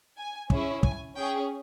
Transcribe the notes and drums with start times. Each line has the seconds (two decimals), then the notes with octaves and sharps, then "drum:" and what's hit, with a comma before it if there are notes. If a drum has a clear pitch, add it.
0.17 G#5
0.50 C#4 E4 G#4, drum: kick
0.83 G#5, drum: kick
1.16 C#4 G#4 G5